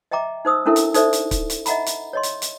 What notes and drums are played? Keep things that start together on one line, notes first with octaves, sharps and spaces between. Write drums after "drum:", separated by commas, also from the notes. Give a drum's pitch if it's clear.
D#5 E5 G5 A#5 D6
D#4 C5 D#6 E6
C#4 D4 E4 A4 A#4 E5
drum: hi-hat
D#4 A4 C5 D5 E5, drum: hi-hat
drum: hi-hat
drum: kick C#1, hi-hat
drum: hi-hat
D#5 E5 F#5 A#5 B5, drum: hi-hat
drum: hi-hat
C#5 D#5 C6
drum: hi-hat
drum: hi-hat